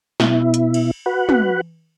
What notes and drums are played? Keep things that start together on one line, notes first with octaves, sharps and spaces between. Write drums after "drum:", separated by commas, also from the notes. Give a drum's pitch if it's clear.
B2 E4, drum: snare
drum: hi-hat
drum: cymbal
F#4 B4 F#5
drum: tom